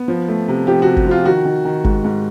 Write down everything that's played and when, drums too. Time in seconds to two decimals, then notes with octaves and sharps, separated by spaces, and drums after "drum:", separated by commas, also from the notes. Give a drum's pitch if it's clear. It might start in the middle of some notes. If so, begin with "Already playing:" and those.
Already playing: B3
0.08 F3
0.28 A3
0.48 C3
0.67 F3 G4
0.82 C3 F#4
0.97 drum: kick G1
1.07 F3 F4
1.25 D#3 F#4
1.45 D#3
1.65 D#3
1.84 G#2, drum: kick G1
2.05 G#2